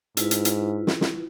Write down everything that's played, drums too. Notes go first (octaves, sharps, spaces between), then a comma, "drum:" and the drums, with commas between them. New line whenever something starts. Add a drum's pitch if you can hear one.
G#2 E4 F4 B4, drum: hi-hat
drum: hi-hat
drum: hi-hat
drum: snare
drum: snare